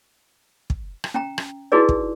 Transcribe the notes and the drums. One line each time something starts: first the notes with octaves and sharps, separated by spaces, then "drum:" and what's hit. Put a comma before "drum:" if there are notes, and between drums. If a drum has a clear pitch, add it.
drum: kick
drum: rim click
C#4 G5 A#5
drum: rim click
D#4 E4 F#4 G#4 B4 D5
drum: kick